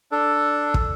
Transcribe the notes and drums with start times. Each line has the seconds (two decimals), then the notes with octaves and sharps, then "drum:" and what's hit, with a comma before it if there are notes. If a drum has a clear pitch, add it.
0.12 D4 A4
0.74 drum: kick